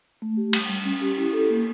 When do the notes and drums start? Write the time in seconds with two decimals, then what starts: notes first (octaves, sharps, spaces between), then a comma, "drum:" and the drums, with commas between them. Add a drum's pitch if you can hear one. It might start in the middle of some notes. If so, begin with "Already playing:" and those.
0.22 A3
0.37 G4
0.53 G3, drum: cymbal
0.69 G3
0.85 C#4
1.01 G4
1.17 E4
1.33 A4
1.50 A#3